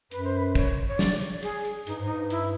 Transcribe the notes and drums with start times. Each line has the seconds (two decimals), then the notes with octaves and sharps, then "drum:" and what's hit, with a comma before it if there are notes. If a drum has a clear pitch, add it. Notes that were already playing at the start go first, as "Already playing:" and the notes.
0.11 F#2 B4, drum: hi-hat
0.24 C5
0.37 B4
0.55 C#5, drum: kick, hi-hat
0.88 C#5
0.99 D5, drum: snare
1.21 drum: hi-hat
1.43 G#4, drum: hi-hat
1.65 drum: hi-hat
1.87 G2 D#4, drum: hi-hat
2.00 G#2
2.05 D#4
2.12 G2
2.30 E4, drum: hi-hat